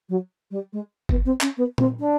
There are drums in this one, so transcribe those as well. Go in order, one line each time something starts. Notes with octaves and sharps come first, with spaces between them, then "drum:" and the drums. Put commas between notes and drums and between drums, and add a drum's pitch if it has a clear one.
F#3
G3
G#3
B3, drum: kick
C4
C#4, drum: clap
B3
C4, drum: tom A#2
D4